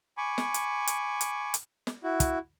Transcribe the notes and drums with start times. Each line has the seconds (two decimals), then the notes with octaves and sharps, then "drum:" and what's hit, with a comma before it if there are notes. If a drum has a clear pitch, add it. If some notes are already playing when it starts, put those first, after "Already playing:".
0.17 G#5 B5 C#6 D6
0.38 drum: snare
0.54 drum: hi-hat
0.87 drum: hi-hat
1.21 drum: hi-hat
1.54 drum: hi-hat
1.87 drum: snare
2.03 E4 F#4
2.20 drum: kick, hi-hat